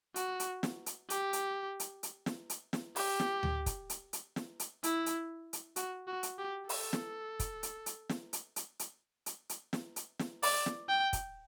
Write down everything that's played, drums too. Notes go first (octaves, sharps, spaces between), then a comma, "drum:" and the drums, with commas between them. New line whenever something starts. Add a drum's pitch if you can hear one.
F#4, drum: hi-hat
drum: hi-hat
drum: snare
drum: hi-hat
G4, drum: hi-hat
drum: hi-hat
drum: hi-hat
drum: hi-hat
drum: snare
drum: hi-hat
drum: snare
G4, drum: open hi-hat
drum: snare
drum: tom D2
drum: kick, hi-hat
drum: hi-hat
drum: hi-hat
drum: snare
drum: hi-hat
E4, drum: hi-hat
drum: hi-hat
drum: hi-hat
F#4, drum: hi-hat
F#4
drum: hi-hat
G4
A4, drum: open hi-hat
drum: snare
drum: kick, hi-hat
drum: hi-hat
drum: hi-hat
drum: snare
drum: hi-hat
drum: hi-hat
drum: hi-hat
drum: hi-hat
drum: hi-hat
drum: snare
drum: hi-hat
drum: snare
D5, drum: open hi-hat
drum: snare
G5
drum: kick, hi-hat